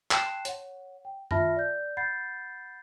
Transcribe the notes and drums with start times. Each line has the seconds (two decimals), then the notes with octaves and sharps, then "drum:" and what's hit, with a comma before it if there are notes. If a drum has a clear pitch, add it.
0.11 G5 A5 C6 F#6 C7 E7, drum: clap
0.45 C#5 F#5, drum: hi-hat
1.05 G5
1.31 F4 E5 A5 B5 F6 A#6, drum: tom F#2
1.56 D5 G6
1.97 F#5 B5 G6 A6 C7